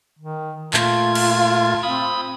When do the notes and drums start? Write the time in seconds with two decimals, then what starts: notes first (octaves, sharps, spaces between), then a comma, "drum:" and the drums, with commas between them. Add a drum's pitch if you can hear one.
0.19 D#3
0.73 A#2 A3 F4 G#6, drum: clap
1.15 drum: cymbal
1.83 C4 B5 D#6